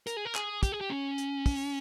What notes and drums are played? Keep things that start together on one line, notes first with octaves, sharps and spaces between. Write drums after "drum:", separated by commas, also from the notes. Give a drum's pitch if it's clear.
A#4, drum: hi-hat
G#4
A#4
G#4, drum: clap
G4, drum: kick, hi-hat
G#4
G4
C#4
drum: hi-hat
drum: kick, open hi-hat